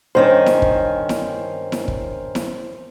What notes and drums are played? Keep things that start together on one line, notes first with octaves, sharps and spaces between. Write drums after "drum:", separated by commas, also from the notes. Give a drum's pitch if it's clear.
G2 D#3 C#4 C5
drum: snare E4
drum: kick
drum: snare E4
drum: snare E4
drum: kick
drum: snare E4